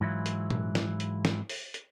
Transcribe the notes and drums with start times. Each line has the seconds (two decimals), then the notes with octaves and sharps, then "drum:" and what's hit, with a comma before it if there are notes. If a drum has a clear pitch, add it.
0.01 G#2 E3 F#3 E4 F4
0.26 drum: hi-hat
0.50 drum: tom A#2
0.75 drum: snare
1.00 drum: hi-hat
1.25 drum: snare
1.49 drum: open hi-hat
1.74 drum: hi-hat